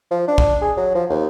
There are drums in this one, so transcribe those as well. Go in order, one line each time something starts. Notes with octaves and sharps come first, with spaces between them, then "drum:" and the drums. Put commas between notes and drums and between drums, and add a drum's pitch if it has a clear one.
F3
D4
drum: kick
G#4
F#3
F3
D#2